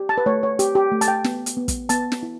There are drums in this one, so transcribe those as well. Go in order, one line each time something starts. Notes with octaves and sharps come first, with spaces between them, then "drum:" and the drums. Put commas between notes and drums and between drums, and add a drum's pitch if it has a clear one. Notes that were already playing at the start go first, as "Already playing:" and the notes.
Already playing: G4
A5
B4
A3 C#5
C#5
G4, drum: hi-hat
G4
A3
A5, drum: hi-hat
G5
B3, drum: snare
drum: hi-hat
B3
drum: kick, hi-hat
B3 A5, drum: hi-hat
drum: snare
E4